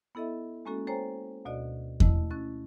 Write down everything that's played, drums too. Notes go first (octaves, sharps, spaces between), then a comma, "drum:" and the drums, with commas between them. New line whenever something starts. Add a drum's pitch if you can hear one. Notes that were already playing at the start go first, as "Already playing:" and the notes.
B3 E4 A4 D#5 E5
G#3 A#3 C#4 F#4 A4
A4 C5 C#5 G5 G#5 A#5
D2 B2 F#4 D5 D#5
A3 E4 D#5, drum: kick E2
C#4 E4 F#6 A6